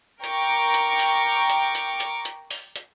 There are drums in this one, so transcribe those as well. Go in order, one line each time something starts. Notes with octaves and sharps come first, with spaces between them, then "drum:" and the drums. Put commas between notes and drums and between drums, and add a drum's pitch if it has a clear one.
A#4 G5 A#5 C#6 D6, drum: hi-hat
drum: hi-hat
drum: open hi-hat
drum: hi-hat
drum: hi-hat
drum: hi-hat
drum: hi-hat
drum: open hi-hat
drum: hi-hat